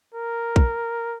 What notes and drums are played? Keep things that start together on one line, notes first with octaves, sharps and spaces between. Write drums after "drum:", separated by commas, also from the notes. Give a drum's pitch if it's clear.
A#4
drum: kick